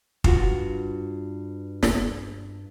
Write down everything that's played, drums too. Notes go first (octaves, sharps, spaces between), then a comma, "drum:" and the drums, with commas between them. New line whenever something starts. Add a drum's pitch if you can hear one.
G2 F4 F#4, drum: kick
drum: snare